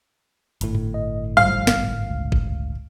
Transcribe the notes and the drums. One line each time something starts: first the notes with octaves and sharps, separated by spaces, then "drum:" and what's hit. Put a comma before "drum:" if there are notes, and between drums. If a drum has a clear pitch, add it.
G1 A2, drum: hi-hat
drum: tom G2
D#5
A#1 G#2 G3 F5, drum: tom
drum: snare
C#2
drum: kick G#1